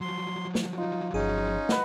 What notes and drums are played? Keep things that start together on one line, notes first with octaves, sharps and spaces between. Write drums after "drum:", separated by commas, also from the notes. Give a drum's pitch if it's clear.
F3 F#3 C6
drum: snare
D#4 F4
G1 C#4 D#4 G#4
B4 D#5 F#5, drum: snare